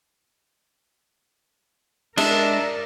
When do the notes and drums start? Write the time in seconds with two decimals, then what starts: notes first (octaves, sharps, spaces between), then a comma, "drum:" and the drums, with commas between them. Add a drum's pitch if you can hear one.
2.17 G#3 D4 A#4 D5 E5, drum: cymbal